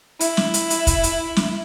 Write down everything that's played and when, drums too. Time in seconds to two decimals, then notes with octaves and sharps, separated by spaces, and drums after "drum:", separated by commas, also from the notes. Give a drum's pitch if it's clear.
0.20 E4, drum: hi-hat
0.37 drum: snare
0.54 drum: hi-hat
0.70 drum: hi-hat
0.87 drum: kick, hi-hat
1.03 drum: hi-hat
1.36 drum: snare